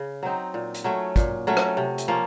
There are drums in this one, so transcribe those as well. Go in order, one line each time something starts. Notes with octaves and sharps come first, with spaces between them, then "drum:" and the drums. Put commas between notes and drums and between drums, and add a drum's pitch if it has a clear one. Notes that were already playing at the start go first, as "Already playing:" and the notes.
Already playing: C#3
F#3 C4 D#4
A#2
drum: hi-hat
F#3 A3 C#4
A#2, drum: kick, hi-hat
F#3 A3 C#4
drum: rim click
C3
drum: hi-hat
F3 A#3 C#4